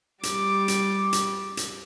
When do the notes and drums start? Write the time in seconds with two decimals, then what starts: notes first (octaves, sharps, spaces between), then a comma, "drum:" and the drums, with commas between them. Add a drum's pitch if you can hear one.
0.23 G3 D6, drum: hi-hat
0.68 drum: hi-hat
1.13 drum: hi-hat
1.57 drum: hi-hat